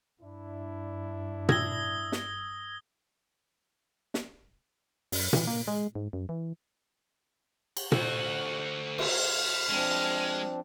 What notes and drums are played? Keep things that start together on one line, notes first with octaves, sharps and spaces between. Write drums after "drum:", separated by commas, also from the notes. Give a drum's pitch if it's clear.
G2 D4 E4
D#6 E6 G#6 A#6 G7, drum: tom A#2
drum: snare
drum: snare
F#2, drum: open hi-hat
E3, drum: tom A#2
A#3
G#3
G#2
F#2
E3
drum: cymbal
D2 F#4 A4 C5, drum: tom A#2
F6, drum: cymbal
F3 G#3 C4 D4